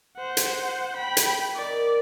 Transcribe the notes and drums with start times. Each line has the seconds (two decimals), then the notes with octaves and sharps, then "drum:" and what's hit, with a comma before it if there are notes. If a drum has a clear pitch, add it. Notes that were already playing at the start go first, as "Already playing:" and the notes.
0.17 C5 F#5
0.37 drum: hi-hat
0.97 G5 B5
1.17 drum: hi-hat
1.55 D#3 D5